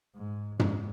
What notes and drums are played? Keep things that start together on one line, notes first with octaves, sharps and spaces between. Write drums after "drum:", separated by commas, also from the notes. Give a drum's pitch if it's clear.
G#2
G#2, drum: tom